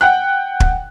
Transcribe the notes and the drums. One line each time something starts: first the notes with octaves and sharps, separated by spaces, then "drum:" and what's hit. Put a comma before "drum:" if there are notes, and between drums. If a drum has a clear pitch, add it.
F#5 G5 F#6
drum: kick